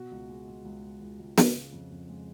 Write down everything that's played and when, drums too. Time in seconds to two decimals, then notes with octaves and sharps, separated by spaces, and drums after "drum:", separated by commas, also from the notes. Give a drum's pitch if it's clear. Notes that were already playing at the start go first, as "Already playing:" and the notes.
Already playing: B2 F#4
0.11 C#2
0.29 G#3
0.47 G#3
0.65 C#2
0.83 G#3
1.01 C#2
1.19 C#2
1.38 C#3, drum: snare
1.56 C#3
1.73 F2
1.91 F2
2.09 G#3